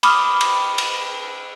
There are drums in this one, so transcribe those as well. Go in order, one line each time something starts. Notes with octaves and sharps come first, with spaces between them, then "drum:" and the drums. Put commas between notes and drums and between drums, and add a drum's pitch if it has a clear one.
B5 D6 D#6 F6, drum: cymbal
drum: cymbal
drum: cymbal